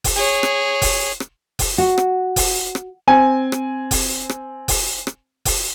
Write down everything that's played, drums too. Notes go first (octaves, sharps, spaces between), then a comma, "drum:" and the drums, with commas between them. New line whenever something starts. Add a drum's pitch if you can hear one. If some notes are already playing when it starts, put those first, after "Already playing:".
drum: kick F1, open hi-hat
G#4 C#5
drum: rim click
drum: kick F1, open hi-hat
drum: rim click
drum: kick F1, open hi-hat
F#4
drum: rim click
drum: kick F1, open hi-hat
drum: rim click
C4 G#5
drum: rim click
drum: kick F1, open hi-hat
drum: rim click
drum: kick F1, open hi-hat
drum: rim click
drum: kick F1, open hi-hat